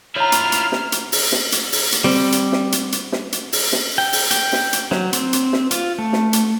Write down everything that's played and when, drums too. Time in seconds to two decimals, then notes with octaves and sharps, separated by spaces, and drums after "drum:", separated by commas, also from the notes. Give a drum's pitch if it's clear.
0.16 E4 F4 C#5 A#5 F6
0.32 drum: hi-hat
0.52 drum: hi-hat
0.72 drum: snare
0.92 drum: hi-hat
1.12 drum: open hi-hat
1.32 drum: snare
1.52 drum: hi-hat
1.72 drum: open hi-hat
1.92 drum: hi-hat
2.04 G3 C4
2.32 drum: hi-hat
2.52 drum: snare
2.72 drum: hi-hat
2.92 drum: hi-hat
3.12 drum: snare
3.32 drum: hi-hat
3.52 drum: open hi-hat
3.73 drum: snare
3.98 G5
4.13 drum: open hi-hat
4.31 G5, drum: hi-hat
4.53 drum: snare
4.73 drum: hi-hat
4.91 F#3, drum: snare
5.13 C4, drum: hi-hat
5.33 drum: hi-hat
5.53 drum: snare
5.71 F4, drum: hi-hat
5.99 A3
6.13 drum: snare
6.33 drum: hi-hat